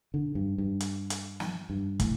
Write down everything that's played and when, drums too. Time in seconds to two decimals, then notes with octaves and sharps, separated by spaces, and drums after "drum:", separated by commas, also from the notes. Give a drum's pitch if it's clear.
0.14 D3
0.35 G2
0.58 G2
0.80 drum: hi-hat
1.10 drum: hi-hat
1.40 drum: snare
1.70 G2
2.00 A2, drum: kick, hi-hat